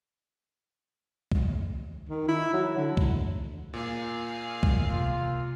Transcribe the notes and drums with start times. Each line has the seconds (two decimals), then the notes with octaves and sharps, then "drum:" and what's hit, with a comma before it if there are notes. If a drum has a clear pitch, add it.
1.32 drum: kick
2.09 D#3
2.28 E4
2.53 F#3
2.77 D3
2.97 drum: kick
3.73 A#2 A#3 G#4 F5
4.63 drum: kick
4.90 C3 F4